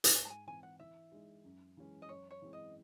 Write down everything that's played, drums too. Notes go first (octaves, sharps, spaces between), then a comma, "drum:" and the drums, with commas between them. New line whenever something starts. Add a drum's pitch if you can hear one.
drum: hi-hat
G#2 G#5
A5
G#5
E3 C4 E4 G#5
F#5
E3 E5
G#3 D#4
F#2
E3 G#3 C#4
D#5
F#2 C#5
C#5
E3 G#3 C4 E4
D#5